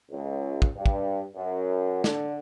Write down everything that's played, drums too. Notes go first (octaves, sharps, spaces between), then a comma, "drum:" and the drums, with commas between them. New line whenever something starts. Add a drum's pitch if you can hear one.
C#2
drum: kick
G2
drum: kick
F#2
D3, drum: snare